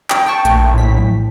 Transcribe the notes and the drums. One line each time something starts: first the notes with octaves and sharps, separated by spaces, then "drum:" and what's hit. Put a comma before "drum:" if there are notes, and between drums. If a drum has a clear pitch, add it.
G5, drum: clap
G5 A5 C#6
A#1 A3, drum: hi-hat
A2 B6
drum: tom E3